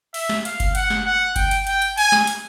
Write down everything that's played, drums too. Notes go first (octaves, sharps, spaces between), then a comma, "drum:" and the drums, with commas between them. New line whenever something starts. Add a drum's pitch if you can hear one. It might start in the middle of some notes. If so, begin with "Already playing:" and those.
E5, drum: open hi-hat
drum: snare
F5, drum: hi-hat
drum: kick G1, hi-hat
F#5, drum: hi-hat
drum: snare
F#5
G5, drum: kick G1, hi-hat
drum: hi-hat
G5, drum: hi-hat
drum: hi-hat
G#5, drum: open hi-hat
drum: snare
drum: hi-hat